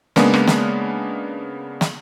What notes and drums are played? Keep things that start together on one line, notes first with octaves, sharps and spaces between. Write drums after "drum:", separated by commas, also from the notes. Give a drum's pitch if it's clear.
C#3 G#3 A#3 B3 D4, drum: snare
drum: rim click
drum: snare
drum: snare